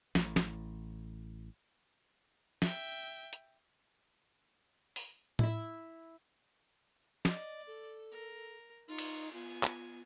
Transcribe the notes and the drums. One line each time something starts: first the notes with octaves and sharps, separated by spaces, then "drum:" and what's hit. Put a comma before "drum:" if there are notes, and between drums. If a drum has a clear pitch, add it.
A1 A2, drum: snare
drum: snare
E5 G5, drum: snare
drum: hi-hat
drum: open hi-hat
E4 E5, drum: tom A2
D5 D#5, drum: snare
A4
A#4
D#4 F4 C#6
drum: cymbal
B3 F4 G#5
drum: clap